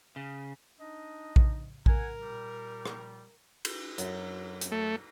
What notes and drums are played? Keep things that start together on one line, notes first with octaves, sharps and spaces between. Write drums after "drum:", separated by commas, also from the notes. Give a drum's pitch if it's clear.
C#3
D4 D#4 D#5
drum: kick A#1
A#4 F#5 G#5, drum: kick A#1
A#2 G3
drum: rim click
drum: cymbal
F#2, drum: hi-hat
drum: hi-hat
A3